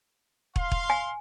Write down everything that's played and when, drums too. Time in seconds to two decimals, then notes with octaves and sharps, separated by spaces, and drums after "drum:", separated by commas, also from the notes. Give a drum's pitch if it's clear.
0.56 F5 C6, drum: kick
0.71 drum: kick
0.90 G#5